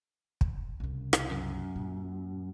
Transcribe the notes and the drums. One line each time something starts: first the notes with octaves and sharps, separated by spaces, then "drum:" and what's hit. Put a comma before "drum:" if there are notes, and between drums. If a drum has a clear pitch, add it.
drum: kick
C2 C#3
drum: rim click
F#2
A#2